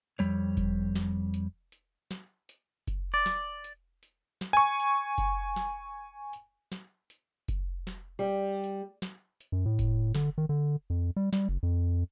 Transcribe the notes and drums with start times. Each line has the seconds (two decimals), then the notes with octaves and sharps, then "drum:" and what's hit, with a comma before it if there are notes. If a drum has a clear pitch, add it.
0.19 F2 G3 C#5, drum: hi-hat
0.57 drum: kick F#1, hi-hat
0.95 drum: snare
1.34 drum: hi-hat
1.72 drum: hi-hat
2.11 drum: snare
2.49 drum: hi-hat
2.87 drum: kick F#1, hi-hat
3.14 D5
3.26 drum: snare
3.64 drum: hi-hat
4.03 drum: hi-hat
4.41 drum: snare
4.53 G#5 C#6
4.80 drum: hi-hat
5.18 drum: kick F#1, hi-hat
5.56 drum: snare
6.33 drum: hi-hat
6.72 drum: snare
7.10 drum: hi-hat
7.48 drum: kick F#1, hi-hat
7.87 drum: snare
8.19 G3
8.64 drum: hi-hat
9.02 drum: snare
9.41 drum: hi-hat
9.52 F#2
9.66 A2
9.79 drum: kick F#1, hi-hat
10.15 D3, drum: snare
10.38 D#3
10.49 D3
10.90 F2
11.16 G3
11.33 G3, drum: snare
11.49 F#1
11.63 F2